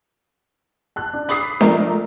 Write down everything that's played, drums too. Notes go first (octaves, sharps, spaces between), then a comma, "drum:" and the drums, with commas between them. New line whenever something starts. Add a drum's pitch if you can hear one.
A5 F#6
D4
B5 D6 D#6 B6 C7, drum: hi-hat
F3 G#3 A3 A#4 D5, drum: snare D4